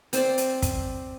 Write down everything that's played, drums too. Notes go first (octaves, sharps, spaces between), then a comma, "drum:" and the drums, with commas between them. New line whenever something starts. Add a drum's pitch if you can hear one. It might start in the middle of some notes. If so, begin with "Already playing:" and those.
C4 C5 D5, drum: hi-hat
drum: hi-hat
drum: kick, hi-hat